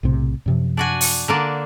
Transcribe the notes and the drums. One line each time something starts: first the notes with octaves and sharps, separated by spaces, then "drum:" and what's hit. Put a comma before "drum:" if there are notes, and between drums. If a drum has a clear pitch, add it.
B1 A2 C3
F#2 C3 F3
D4 F#4 G#5
drum: open hi-hat
D3 A#3 D4